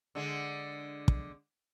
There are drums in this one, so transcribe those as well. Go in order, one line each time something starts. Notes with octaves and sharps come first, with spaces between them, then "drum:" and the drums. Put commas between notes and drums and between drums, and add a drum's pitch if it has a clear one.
D3 G#3
drum: kick